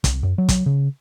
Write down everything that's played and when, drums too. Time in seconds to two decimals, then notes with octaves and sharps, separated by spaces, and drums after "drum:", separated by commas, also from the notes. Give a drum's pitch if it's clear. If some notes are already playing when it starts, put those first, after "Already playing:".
0.04 C2, drum: kick, hi-hat
0.23 F#2
0.38 F#3
0.49 drum: kick, hi-hat
0.66 C#3